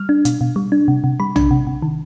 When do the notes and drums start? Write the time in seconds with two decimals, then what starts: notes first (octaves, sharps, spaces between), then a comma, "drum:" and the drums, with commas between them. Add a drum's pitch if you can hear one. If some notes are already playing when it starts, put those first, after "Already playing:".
Already playing: G3 F6
0.09 D4
0.25 B2, drum: hi-hat
0.41 B2
0.56 G3
0.72 D4
0.88 C3
1.04 C3
1.20 G3 B5
1.36 D4, drum: tom
1.51 C3
1.67 C3
1.82 D#3